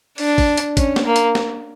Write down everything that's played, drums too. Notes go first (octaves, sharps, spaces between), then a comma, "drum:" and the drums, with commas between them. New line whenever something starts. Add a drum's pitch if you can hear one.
D4, drum: open hi-hat
drum: kick A1, open hi-hat
drum: hi-hat
C#4, drum: kick A1, hi-hat
drum: snare A#3
A#3
drum: hi-hat
drum: snare A#3